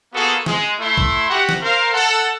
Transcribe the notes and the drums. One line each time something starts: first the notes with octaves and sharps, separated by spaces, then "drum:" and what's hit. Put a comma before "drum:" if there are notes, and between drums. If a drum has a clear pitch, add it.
A#3 B3 F4 F#4 G#4 A4
G#3, drum: snare
A3 E4 C6
drum: kick A#1
F#4 G4 F#5
drum: snare
A#4 C5 F5
A4 F#5